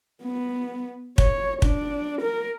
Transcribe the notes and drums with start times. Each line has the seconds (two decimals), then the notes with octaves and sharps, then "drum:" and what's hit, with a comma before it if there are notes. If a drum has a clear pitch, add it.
0.23 B3
1.18 C#5, drum: kick
1.62 D4, drum: kick
2.22 A#4